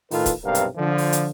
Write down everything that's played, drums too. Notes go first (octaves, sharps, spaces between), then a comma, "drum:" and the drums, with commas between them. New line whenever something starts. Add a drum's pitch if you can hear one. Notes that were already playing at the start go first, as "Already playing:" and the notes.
A2 D#3 F4 A4 B4, drum: open hi-hat
drum: kick, hi-hat
B1 G2 C3 D4 A#4 F5
drum: hi-hat
D3 F3
drum: open hi-hat
drum: hi-hat